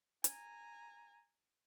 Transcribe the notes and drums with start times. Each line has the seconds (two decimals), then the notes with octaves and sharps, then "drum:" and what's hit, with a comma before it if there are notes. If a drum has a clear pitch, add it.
0.24 G#5 A#5, drum: hi-hat